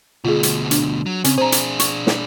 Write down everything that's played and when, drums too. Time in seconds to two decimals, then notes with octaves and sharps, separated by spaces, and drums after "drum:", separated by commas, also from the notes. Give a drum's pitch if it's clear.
0.25 D2 B2 F4 G#4
0.43 drum: hi-hat
0.71 D4, drum: hi-hat
1.06 F#3
1.24 C#3 C4, drum: hi-hat
1.38 D4 G#4 C5 A#5
1.52 drum: hi-hat
1.79 C#6, drum: hi-hat
2.07 drum: snare